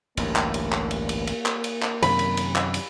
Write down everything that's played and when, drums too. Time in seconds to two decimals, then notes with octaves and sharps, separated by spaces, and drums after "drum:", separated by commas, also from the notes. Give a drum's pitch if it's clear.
0.17 A1 D2 G2 A#3, drum: cymbal
0.36 drum: clap
0.54 drum: cymbal
0.72 drum: clap
0.91 drum: cymbal
1.09 drum: cymbal
1.27 drum: cymbal
1.46 drum: clap
1.64 drum: cymbal
1.82 drum: clap
2.02 F#2 C3 D#3 B5, drum: cymbal
2.19 drum: cymbal
2.37 drum: cymbal
2.56 drum: clap
2.74 drum: cymbal